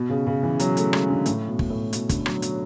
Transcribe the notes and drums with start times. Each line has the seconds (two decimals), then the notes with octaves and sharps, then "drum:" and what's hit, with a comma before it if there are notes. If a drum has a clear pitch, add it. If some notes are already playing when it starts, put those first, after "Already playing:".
Already playing: B2
0.10 C#3
0.27 C#3
0.43 E3
0.60 F#3, drum: hi-hat
0.77 A3, drum: hi-hat
0.93 G#3, drum: rim click
1.09 D3
1.26 A2, drum: hi-hat
1.48 B2
1.59 drum: kick
1.70 A2
1.93 B2, drum: hi-hat
2.09 D3, drum: kick, hi-hat
2.26 F#3, drum: rim click
2.42 F#3, drum: hi-hat